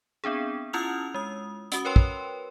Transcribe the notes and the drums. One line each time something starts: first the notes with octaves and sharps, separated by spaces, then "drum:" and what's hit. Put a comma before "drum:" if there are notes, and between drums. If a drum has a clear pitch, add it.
B3 C4 D4 G#4
C#4 E4 F4 D#6 F6 F7
G#3 D#6
C#4 F#4 D#6, drum: hi-hat
A#4 B4 C#5 G5 C6
drum: kick